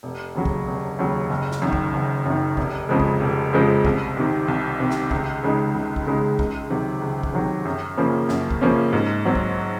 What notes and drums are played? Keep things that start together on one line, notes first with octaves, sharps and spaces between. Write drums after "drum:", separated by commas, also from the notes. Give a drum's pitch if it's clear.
F1
D#2 C#3 F#3
drum: kick B1
F1
D#2 C#3 F#3
F#1
drum: snare
F#2 D#3
drum: kick B1
F#1
F#2 D#3
F1, drum: kick B1
F2 C#3 F3 G#3
drum: kick B1
F1
F2 C#3 F3 G#3
C2, drum: kick B1
C3 D#3
C2
C3 D#3
drum: snare
C#2, drum: kick B1
C#3 G#3 D#4
C#2
drum: kick B1
C#3 G#3 D#4
C#2, drum: kick B1
C3 D#3 F#3
C#2
drum: kick B1
C3 D#3 F#3
F#2
C#3 F3 A#3 C#4
F#2, drum: snare
drum: kick B1
C#3 F3 A#3 C#4
G#2
F#3 C4
drum: kick B1